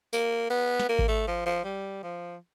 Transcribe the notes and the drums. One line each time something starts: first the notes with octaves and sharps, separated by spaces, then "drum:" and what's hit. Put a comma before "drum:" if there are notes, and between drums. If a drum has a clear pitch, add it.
A#3, drum: tambourine
B3
drum: snare
A#3
drum: kick G#1
A3
F3
F3
G3
F3